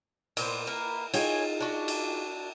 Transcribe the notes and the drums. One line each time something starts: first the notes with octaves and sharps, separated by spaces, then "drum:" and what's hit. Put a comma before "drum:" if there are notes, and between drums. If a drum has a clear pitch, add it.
A#2 B3 C5, drum: cymbal
A#3 A#4 B4
D#4 F4 G#4 C#5 G5 G#5, drum: cymbal
D4 F#4
drum: cymbal